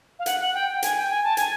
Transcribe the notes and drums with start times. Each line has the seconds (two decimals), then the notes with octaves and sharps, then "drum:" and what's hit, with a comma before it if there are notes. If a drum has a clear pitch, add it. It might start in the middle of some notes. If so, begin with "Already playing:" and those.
0.19 F5
0.26 F#5, drum: hi-hat
0.40 F#5
0.54 G5
0.68 G5
0.83 G#5, drum: hi-hat
0.96 G5
1.10 G#5
1.24 A5
1.37 G#5, drum: hi-hat